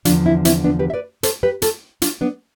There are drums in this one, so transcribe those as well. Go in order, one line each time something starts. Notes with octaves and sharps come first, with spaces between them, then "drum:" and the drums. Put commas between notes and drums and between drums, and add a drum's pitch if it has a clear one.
E2 D3 F3 D4 F4, drum: hi-hat
C4 E4
C4 E4, drum: hi-hat
B3 D4
G4 B4
E5
B4 D5
A4 C5, drum: hi-hat
G4 B4
F4 A4, drum: hi-hat
D4 F4, drum: hi-hat
B3 D4